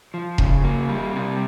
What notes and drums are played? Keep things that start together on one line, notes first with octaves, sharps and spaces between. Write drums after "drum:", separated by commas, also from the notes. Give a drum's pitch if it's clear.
F3
C#3, drum: kick E1
A#3
G3
C3